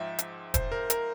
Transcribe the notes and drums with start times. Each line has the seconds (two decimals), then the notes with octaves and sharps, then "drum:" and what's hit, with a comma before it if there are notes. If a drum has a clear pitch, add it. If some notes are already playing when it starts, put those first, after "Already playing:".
Already playing: G#2 F3 E5 G5
0.19 drum: hi-hat
0.54 C5, drum: kick E1, hi-hat
0.72 A#4
0.90 A#4, drum: hi-hat